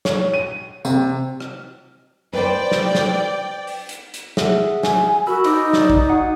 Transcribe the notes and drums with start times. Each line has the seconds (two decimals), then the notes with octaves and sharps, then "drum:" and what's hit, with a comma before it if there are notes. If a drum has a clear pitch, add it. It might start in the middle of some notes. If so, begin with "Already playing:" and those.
0.05 C#5, drum: snare
0.34 D#7
0.85 C3, drum: tambourine
1.40 drum: rim click
2.33 B4 C5 D5 G5
2.72 drum: snare
2.95 drum: snare
3.67 drum: open hi-hat
3.89 drum: hi-hat
4.14 drum: hi-hat
4.37 G#4 E5 F#5, drum: snare
4.83 G#5, drum: snare
5.27 F#4 A#4 B5 E6
5.44 D#4 C5 D#5 D6, drum: cymbal
5.73 D5, drum: snare
5.90 drum: kick
6.08 F#4 F#5 D#6